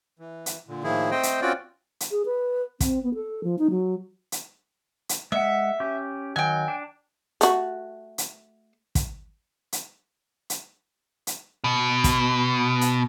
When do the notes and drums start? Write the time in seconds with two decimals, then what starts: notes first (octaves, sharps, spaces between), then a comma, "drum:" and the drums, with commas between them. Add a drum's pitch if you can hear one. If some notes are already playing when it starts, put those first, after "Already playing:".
0.19 E3
0.46 drum: hi-hat
0.68 A#2 D3
0.84 A2 D#3 F3 A#3 E4 G#4
1.11 A3 C4 C5 D#5 G5
1.23 drum: hi-hat
1.42 C4 C#4 F4 F#4 D5 G5
2.00 drum: hi-hat
2.11 G#4
2.26 B4
2.80 C4, drum: kick, hi-hat
3.03 B3
3.14 A4
3.44 F3
3.59 D#4
3.70 F#3
4.32 drum: hi-hat
5.09 drum: hi-hat
5.32 G#3 E5 F#5
5.80 C#4 G4
6.36 D#3 F#3 G5 G#5
6.68 D4
7.41 A3 F#4, drum: hi-hat
8.18 drum: hi-hat
8.95 drum: kick, hi-hat
9.72 drum: hi-hat
10.50 drum: hi-hat
11.27 drum: hi-hat
11.64 B2
12.04 drum: kick, hi-hat
12.81 drum: hi-hat